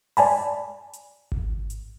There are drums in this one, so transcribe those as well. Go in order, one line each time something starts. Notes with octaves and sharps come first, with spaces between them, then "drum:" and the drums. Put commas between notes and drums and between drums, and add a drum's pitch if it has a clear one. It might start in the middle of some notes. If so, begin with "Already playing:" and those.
D5 G#5 A5 B5, drum: open hi-hat
drum: hi-hat
drum: kick G#1
drum: hi-hat